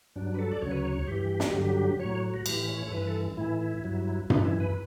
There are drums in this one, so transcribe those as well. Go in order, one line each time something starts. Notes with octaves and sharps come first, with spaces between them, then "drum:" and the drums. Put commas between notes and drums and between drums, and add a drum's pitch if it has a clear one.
G2 F#3 D4
B4
A4
D5
D2 C#3 F#3 C#5
B4
C#5
C#5
G2 E3 G4
drum: snare
G2 D3 F#3
A2 F#3 C#5
F#4
A2 E3 G4, drum: cymbal
C#5
A4
G2 E3 B4
A4
A2 E3 E4
G2 F#3
F#2 E3 D4, drum: tom G2
E4
B4